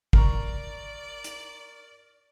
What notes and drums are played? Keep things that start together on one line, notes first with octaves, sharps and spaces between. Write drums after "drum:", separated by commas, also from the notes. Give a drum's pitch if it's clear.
A#4 D5 A#5 C#6, drum: kick
drum: hi-hat